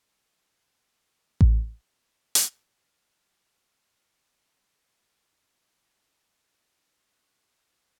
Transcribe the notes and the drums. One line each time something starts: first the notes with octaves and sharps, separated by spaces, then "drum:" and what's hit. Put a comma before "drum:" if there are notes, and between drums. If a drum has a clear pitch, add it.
A3
C4
G#2 B2
D#5, drum: kick A1
F#3
drum: hi-hat
F6
D3 D4 F#7
F#4
C4 D4 F4